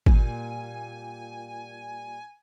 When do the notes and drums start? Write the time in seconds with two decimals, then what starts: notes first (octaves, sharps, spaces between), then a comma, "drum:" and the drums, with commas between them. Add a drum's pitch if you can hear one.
0.06 A#2 G3 G#5, drum: kick G#1